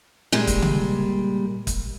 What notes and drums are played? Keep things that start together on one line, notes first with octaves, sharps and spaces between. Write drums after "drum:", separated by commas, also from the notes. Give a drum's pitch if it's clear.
A#2 G3 G#3
drum: kick, hi-hat
drum: tom C#3
drum: kick, hi-hat